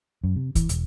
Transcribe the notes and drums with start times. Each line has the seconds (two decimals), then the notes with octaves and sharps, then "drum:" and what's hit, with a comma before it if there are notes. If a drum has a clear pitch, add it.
0.24 F#2
0.36 C3
0.55 E3, drum: kick, hi-hat
0.69 E1, drum: hi-hat